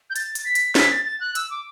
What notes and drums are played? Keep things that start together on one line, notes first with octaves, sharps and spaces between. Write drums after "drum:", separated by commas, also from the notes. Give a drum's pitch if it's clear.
G6
A6, drum: hi-hat
drum: hi-hat
B6
drum: hi-hat
B6, drum: snare
A6
A6
F#6
E6, drum: hi-hat
D6